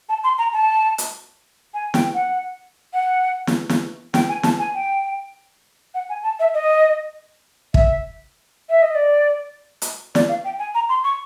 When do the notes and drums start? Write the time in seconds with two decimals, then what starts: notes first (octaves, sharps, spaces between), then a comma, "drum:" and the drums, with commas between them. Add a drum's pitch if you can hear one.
0.09 A5
0.24 C6
0.38 A#5
0.53 A5
0.98 drum: hi-hat
1.74 G#5
1.94 G5, drum: snare
2.14 F#5
2.94 F#5
3.47 drum: snare
3.69 drum: snare
4.14 G5, drum: snare
4.29 G#5
4.43 A5, drum: snare
4.59 G#5
4.75 G5
5.94 F#5
6.09 G#5
6.23 A5
6.40 E5
6.54 D#5
7.74 E5, drum: kick
8.69 E5
8.82 D#5
8.95 D5
9.82 drum: hi-hat
10.15 D5, drum: snare
10.29 F5
10.45 G5
10.59 G#5
10.75 A#5
10.89 C6
11.04 C#6